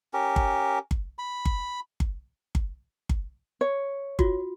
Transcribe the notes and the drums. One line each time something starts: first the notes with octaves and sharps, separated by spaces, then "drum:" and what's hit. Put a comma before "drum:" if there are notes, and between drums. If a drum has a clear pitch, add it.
C#4 G4 A#4
drum: kick G1
drum: kick G1
B5
drum: kick G1
drum: kick G1
drum: kick G1
drum: kick G1
C#5
F4 F#4, drum: kick G1